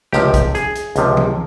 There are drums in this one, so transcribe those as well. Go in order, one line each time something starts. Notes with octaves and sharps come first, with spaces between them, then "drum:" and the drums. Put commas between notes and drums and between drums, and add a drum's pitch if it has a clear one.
C#2 C3 F3 G4, drum: snare
drum: kick, hi-hat
G#4, drum: hi-hat
drum: hi-hat
C#2 C3 F3, drum: hi-hat
drum: tom E3